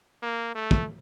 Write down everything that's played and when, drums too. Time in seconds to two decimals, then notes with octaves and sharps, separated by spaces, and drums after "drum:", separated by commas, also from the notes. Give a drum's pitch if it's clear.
0.22 A#3
0.55 A3
0.71 drum: kick